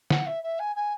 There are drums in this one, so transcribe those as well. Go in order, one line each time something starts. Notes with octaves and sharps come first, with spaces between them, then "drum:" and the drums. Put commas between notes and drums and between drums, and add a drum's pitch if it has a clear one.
F#5, drum: snare
E5
E5
G#5
G#5